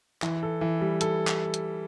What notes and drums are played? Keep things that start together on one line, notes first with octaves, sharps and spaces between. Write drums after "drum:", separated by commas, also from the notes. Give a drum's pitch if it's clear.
E3, drum: clap
A4
E3
G3
A4, drum: hi-hat
drum: clap
drum: hi-hat